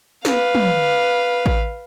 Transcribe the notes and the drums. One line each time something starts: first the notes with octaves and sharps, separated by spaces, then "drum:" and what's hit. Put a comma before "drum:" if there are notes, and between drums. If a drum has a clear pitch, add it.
B4 F5, drum: snare
drum: tom
drum: kick A1